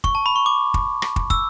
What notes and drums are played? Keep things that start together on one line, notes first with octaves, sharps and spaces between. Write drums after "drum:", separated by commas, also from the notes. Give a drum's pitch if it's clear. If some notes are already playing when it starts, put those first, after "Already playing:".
C#6, drum: kick
A5
B5
C#6
D6
drum: kick
drum: rim click
drum: kick
E6, drum: kick